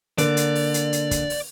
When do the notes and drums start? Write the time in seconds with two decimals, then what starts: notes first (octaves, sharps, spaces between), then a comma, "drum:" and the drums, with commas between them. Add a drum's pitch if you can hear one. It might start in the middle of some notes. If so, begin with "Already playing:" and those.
0.18 D3 A#3 D5, drum: hi-hat
0.37 drum: hi-hat
0.55 drum: open hi-hat
0.74 drum: hi-hat
0.93 drum: hi-hat
1.11 drum: kick, hi-hat
1.30 drum: open hi-hat